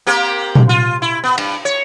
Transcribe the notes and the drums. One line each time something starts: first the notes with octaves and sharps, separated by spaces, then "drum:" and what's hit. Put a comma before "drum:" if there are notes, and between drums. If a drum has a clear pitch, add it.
A#3 C4 G4
drum: tom A#2
F4
E4
B3
G2, drum: cymbal
C#5